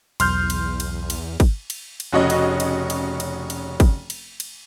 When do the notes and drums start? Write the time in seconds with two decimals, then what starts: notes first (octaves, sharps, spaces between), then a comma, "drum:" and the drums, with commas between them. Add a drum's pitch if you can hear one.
0.20 B1 E2 C6 F6 G6, drum: cymbal
0.50 drum: cymbal
0.80 drum: cymbal
1.10 drum: cymbal
1.40 drum: kick, cymbal
1.70 drum: cymbal
2.00 drum: cymbal
2.12 F1 C#3 F#4 C#5 D#5
2.30 drum: cymbal
2.60 drum: cymbal
2.90 drum: cymbal
3.20 drum: cymbal
3.50 drum: cymbal
3.80 drum: kick, cymbal
4.10 drum: cymbal
4.40 drum: cymbal